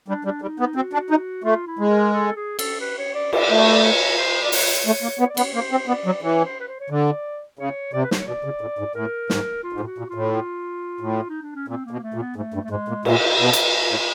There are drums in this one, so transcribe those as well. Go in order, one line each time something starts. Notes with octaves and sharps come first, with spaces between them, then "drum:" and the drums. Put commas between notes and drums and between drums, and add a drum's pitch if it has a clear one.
G3 D4
G3 D4
G3 D#4
B3 D#4
C4 F#4
D4
D#4
A3 F4
E4
G#3
A#4
A4
G#4
A4, drum: cymbal
B4
C#5
D5
D5, drum: cymbal
A3
D5
C#5
D5
C#5
C5
D5
C#5, drum: open hi-hat
A3 C#5
A#3
B3 C#5
D5
B3 C#5, drum: cymbal
A#3 C5
C4
B3 D5
F#3
E3 C#5
C5
B4
C5
C#5
D3 D5
C#3 C#5
C3 D5
B4
C5, drum: snare
C#5
B2 D5
C#3
A2
G#2
A2 A#4
G#2, drum: snare
F4
G#2
A2
F#4
A#2
A2 F4
F4
A2
D#4
D4
C#4
A#2 C4
A#3
B2
A3
A#2
B3
G#2 A3
G2
A3
G#2 G#3
A#2
A#2, drum: cymbal
B2
drum: hi-hat
A2